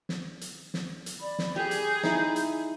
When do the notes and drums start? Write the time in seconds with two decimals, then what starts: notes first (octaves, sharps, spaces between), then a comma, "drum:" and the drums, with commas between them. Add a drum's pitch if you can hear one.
0.09 drum: snare
0.41 drum: hi-hat
0.74 drum: snare
1.06 drum: hi-hat
1.21 D5 B5
1.39 drum: snare
1.56 G4 G#4 G6
1.71 drum: hi-hat
2.03 D#4 E4, drum: snare
2.36 drum: hi-hat